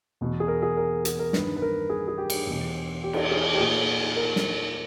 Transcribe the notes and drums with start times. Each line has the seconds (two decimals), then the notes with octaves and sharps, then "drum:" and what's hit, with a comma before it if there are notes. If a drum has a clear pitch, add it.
0.21 E2 B2
0.40 G#4
0.48 A#4
0.62 G#4
0.77 A#4
1.05 G#4, drum: hi-hat
1.19 A#4
1.33 G2 D#3 B4, drum: snare
1.56 B4
1.62 A#4
1.90 G#4
2.08 G#4
2.18 G4
2.30 drum: cymbal
2.47 E2 B2
3.04 G4
3.13 drum: cymbal
3.31 G#4
3.55 G4
3.60 A#2 G#4
4.16 A#4
4.36 drum: snare